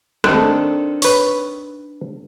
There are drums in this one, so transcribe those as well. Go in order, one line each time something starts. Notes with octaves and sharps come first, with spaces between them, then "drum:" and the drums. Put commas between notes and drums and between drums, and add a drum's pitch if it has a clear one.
D#3 C4 D4 A4, drum: rim click
B4 C#5, drum: open hi-hat